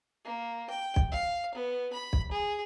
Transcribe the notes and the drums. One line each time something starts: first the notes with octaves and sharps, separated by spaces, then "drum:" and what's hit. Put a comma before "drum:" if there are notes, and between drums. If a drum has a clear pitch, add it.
A#3
G5
drum: kick B1
F5
B3
B5
drum: kick B1
G#4